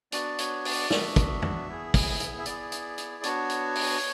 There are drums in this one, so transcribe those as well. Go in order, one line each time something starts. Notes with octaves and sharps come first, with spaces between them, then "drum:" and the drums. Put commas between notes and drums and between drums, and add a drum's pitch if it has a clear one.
B3 D4 F#4 D5, drum: hi-hat
C#5, drum: hi-hat
D5, drum: open hi-hat
B3 D4 F#4 E5, drum: snare
drum: kick, hi-hat
drum: tom
B3 E4 G#4
drum: kick, open hi-hat
drum: hi-hat
E5
B3 E4 G#4 D5, drum: hi-hat
drum: hi-hat
drum: hi-hat
B3 D4 F#4 C#5, drum: hi-hat
drum: hi-hat
drum: open hi-hat